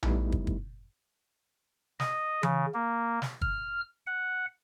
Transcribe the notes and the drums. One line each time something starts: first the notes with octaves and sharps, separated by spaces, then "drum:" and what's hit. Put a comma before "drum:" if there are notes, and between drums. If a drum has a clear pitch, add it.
G3 A3 B3 D#4 E4, drum: tom A#1
drum: kick
drum: kick
D#5, drum: snare
C#3, drum: tom E3
A#3
drum: snare
F6, drum: kick
F#5